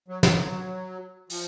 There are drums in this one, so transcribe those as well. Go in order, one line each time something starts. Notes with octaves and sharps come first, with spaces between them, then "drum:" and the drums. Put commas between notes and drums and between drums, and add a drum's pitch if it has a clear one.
F#3
F#3, drum: snare
F3, drum: open hi-hat